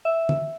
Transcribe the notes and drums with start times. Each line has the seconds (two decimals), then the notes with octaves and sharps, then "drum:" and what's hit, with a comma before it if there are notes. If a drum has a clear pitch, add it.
0.05 E5
0.29 drum: tom